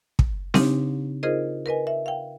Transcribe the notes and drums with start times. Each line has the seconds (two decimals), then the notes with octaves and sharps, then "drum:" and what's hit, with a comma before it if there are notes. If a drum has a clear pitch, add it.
0.19 drum: kick
0.54 C#3 C4 D4 D#4 G4, drum: snare C4
1.23 D#4 F4 G#4 A#4 C5 D#5
1.66 A#4 B4 D#5 G#5
1.87 E5
2.06 F5 G5